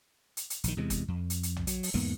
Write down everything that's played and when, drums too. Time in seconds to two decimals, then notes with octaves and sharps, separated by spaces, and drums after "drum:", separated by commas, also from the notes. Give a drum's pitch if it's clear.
0.37 drum: hi-hat
0.50 drum: hi-hat
0.64 A#1 D#3, drum: hi-hat
0.77 E2 C3 G3 G#3
0.90 drum: kick, hi-hat
1.08 F2
1.30 drum: hi-hat
1.43 drum: hi-hat
1.56 drum: tom A#1
1.67 F#3, drum: hi-hat
1.83 drum: open hi-hat
1.94 E2 G#2 A#3 B3